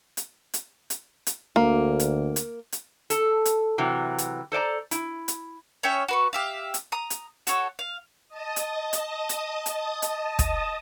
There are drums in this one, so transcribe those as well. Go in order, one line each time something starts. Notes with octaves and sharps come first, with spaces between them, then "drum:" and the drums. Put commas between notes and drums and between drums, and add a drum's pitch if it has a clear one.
drum: hi-hat
drum: hi-hat
drum: hi-hat
drum: hi-hat
D2 A#3
drum: hi-hat
drum: hi-hat
drum: hi-hat
A4, drum: hi-hat
drum: hi-hat
C3 E3 F#3
drum: hi-hat
A4 C5 D5 A#5
E4, drum: hi-hat
drum: hi-hat
C#4 C#5 E5 G5
F#4 B4 C#6
G4 E5 F5
drum: hi-hat
A#5 D#6
drum: hi-hat
F#4 A4 C#5, drum: hi-hat
F5
D#5 A5 D#6
drum: hi-hat
drum: hi-hat
drum: hi-hat
drum: hi-hat
drum: hi-hat
drum: kick, hi-hat